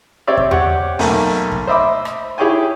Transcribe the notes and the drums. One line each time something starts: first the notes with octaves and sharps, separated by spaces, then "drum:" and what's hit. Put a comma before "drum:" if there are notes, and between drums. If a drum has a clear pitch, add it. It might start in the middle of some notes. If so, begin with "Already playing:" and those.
C4 G4 C#5 D5 E5
drum: kick
G4 C#5 F#5, drum: tom E2
B1 A3 A#3 G#5, drum: open hi-hat
drum: kick
C5 D#5 E5 B5 D6
drum: rim click
E4 G4 G#4 C#5 G5 G#5